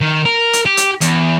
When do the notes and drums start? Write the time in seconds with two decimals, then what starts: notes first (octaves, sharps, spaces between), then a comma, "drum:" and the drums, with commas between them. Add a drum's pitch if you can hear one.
0.01 D#3
0.26 A#4
0.53 drum: hi-hat
0.66 G4
0.77 drum: hi-hat
1.01 E2, drum: hi-hat